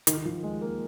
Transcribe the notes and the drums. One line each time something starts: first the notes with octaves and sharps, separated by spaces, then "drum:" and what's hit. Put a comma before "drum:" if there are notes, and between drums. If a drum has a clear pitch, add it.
D#3, drum: hi-hat
D#3
F3
G#3
A#3